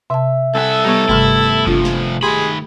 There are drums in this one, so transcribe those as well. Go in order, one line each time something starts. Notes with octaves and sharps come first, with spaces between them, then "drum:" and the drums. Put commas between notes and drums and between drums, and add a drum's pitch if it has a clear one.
C3 E5 A5
C2 A4 E5 F#5 G#5 B5
G3 B3 D#4 C#5
G2 C3 D#3 G3 A3 E4 F6, drum: kick F#1
C3 F3 D4 F4, drum: kick F#1
drum: snare
D#3 G4 G#4 G5 B5 C6